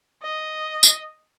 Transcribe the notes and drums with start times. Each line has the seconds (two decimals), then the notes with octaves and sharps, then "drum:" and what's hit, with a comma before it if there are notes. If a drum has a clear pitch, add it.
0.23 D#5
0.83 drum: tambourine